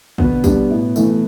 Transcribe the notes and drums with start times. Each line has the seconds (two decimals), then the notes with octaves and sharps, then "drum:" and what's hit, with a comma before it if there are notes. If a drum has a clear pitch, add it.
0.18 B2 D3 B3, drum: kick
0.44 G3 D4 G4, drum: kick, tambourine
0.70 A2
0.96 E3 A3, drum: tambourine